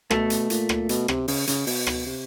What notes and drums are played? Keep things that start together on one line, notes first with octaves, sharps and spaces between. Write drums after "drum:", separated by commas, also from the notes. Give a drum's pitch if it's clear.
B2 A3, drum: rim click
drum: hi-hat
A#2, drum: hi-hat
drum: rim click
B2, drum: hi-hat
C3, drum: rim click
C#3, drum: open hi-hat
C#3, drum: hi-hat
B2, drum: open hi-hat
drum: rim click
C3